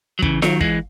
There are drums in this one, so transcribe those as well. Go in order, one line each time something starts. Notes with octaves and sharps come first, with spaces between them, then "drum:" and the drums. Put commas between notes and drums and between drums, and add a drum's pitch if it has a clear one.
F#3
C#3 E3, drum: kick
D#3 F#3, drum: snare F4
E3 G#3, drum: kick